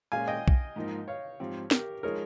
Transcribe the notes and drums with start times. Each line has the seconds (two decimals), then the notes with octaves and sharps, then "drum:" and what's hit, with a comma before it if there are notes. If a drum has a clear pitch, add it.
0.12 A#2 G#3 C#4 F5 G#5
0.28 D#5 G5
0.48 drum: kick B1
0.76 G#2 F3 A#3 D#4
1.08 C#5 F5
1.40 G#2 F3 C4 G4
1.71 G4 A#4, drum: snare
2.03 F3 G#3 D#4 G#4 A#4 C#5